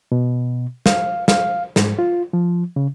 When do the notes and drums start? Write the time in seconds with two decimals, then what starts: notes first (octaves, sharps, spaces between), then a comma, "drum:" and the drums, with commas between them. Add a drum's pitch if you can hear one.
0.12 B2
0.86 F5, drum: snare
1.28 F5, drum: snare
1.76 G#2, drum: snare
1.99 F4
2.33 F3
2.76 C#3